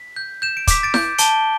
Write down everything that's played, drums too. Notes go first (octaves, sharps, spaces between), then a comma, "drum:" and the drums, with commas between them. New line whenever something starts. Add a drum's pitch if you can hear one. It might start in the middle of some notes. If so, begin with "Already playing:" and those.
Already playing: B6
G6
G6 E7
D7
D6 B6, drum: kick, hi-hat
A6 D7
G6, drum: snare E4
A5 D7 G7, drum: hi-hat